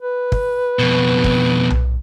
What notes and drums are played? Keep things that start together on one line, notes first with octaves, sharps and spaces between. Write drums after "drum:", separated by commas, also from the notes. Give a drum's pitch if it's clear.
B4
drum: kick
F2 B2
drum: kick
drum: tom B1